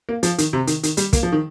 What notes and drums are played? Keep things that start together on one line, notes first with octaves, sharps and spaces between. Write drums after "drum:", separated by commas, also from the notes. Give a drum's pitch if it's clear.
A#3
F3, drum: hi-hat
D#3, drum: hi-hat
C3
D#3, drum: hi-hat
D#3, drum: hi-hat
G3, drum: hi-hat
A#3, drum: kick, hi-hat
F3
D#3